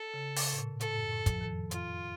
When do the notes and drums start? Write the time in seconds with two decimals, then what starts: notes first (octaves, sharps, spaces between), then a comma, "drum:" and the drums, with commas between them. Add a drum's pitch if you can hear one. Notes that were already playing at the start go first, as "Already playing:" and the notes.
Already playing: A4
0.14 C#3
0.36 C#3, drum: open hi-hat
0.53 A2
0.58 A#2
0.80 A2 A4, drum: hi-hat
0.96 F#2
1.11 A2
1.26 F2 F3, drum: kick, hi-hat
1.41 D#3
1.49 F2 F3
1.71 F4, drum: hi-hat